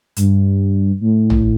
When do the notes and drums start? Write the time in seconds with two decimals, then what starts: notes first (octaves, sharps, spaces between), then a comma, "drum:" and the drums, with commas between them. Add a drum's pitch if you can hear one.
0.16 G2, drum: hi-hat
1.01 A2
1.30 drum: tom A1